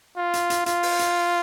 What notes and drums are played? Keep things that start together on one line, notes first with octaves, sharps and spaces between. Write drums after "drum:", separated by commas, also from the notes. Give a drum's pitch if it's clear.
F4
drum: hi-hat
drum: hi-hat
F4, drum: hi-hat
drum: open hi-hat
drum: hi-hat